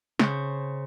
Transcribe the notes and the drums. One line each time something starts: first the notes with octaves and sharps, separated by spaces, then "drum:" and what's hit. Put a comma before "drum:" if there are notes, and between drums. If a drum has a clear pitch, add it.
C#3 C5 C#6, drum: snare